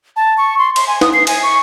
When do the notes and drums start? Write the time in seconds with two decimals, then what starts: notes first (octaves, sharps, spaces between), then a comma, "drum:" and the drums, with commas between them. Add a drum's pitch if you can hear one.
0.16 A5
0.38 C#6
0.58 C6
0.76 C6, drum: cymbal
0.87 G#5
1.01 D#6, drum: snare
1.14 C7
1.27 G#5, drum: cymbal
1.43 C#6